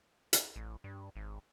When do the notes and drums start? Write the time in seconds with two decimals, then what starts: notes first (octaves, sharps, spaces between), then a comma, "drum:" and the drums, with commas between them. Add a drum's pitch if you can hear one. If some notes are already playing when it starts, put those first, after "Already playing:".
0.33 drum: hi-hat
0.56 A1
0.84 G2
1.16 G#1